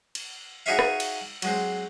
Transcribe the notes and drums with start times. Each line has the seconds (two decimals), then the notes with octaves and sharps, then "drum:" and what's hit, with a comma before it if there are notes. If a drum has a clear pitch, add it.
0.15 drum: cymbal
0.66 D#4 F#4 G#4 C#5 E5 F5
0.79 drum: rim click
1.00 drum: cymbal
1.42 F#3 G#3 C4, drum: cymbal